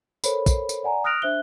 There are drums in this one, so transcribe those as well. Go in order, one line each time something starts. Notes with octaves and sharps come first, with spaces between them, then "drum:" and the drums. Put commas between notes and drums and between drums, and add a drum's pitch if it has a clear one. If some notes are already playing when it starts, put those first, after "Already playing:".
A4 A#4 C5 C#5 B5, drum: tambourine
drum: kick, tambourine
drum: tambourine
D5 F#5 G#5 A#5
D#6 F6 F#6 A#6 D7 F7
D4 C5 E5 F#6 G7